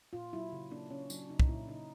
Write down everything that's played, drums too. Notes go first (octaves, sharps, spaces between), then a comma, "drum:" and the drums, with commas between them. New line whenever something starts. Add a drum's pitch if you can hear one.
A#2 F4
F#3 E4
C#3
A#3 D4
C#3 C#4
F#3 D4, drum: tambourine
C#3 D#4
drum: kick
A#3 E4
C#3 D#4